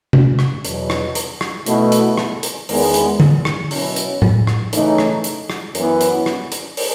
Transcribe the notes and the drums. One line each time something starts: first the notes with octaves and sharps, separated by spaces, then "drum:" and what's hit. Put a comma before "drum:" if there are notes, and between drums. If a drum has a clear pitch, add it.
drum: tom C3
drum: rim click
E2 B2 F#3, drum: hi-hat
drum: rim click
drum: hi-hat
drum: rim click
B2 A3 E4, drum: hi-hat
drum: hi-hat
drum: rim click
drum: hi-hat
E2 D#3 G#3 B3, drum: open hi-hat
drum: hi-hat
drum: tom D3
drum: rim click
B2 F#3 C#4 E4, drum: open hi-hat
drum: hi-hat
drum: tom A2
drum: rim click
C#3 E3 A3 D#4, drum: hi-hat
drum: rim click
drum: hi-hat
drum: rim click
F#2 E3 B3 E4, drum: hi-hat
drum: hi-hat
drum: rim click
drum: hi-hat
drum: open hi-hat